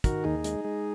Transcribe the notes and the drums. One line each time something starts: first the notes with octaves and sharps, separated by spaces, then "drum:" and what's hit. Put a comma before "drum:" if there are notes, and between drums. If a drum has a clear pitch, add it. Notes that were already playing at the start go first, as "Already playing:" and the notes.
D#3 F#4 A#4, drum: kick, hi-hat
D#2 D#4 G#4
G#3, drum: hi-hat
G#3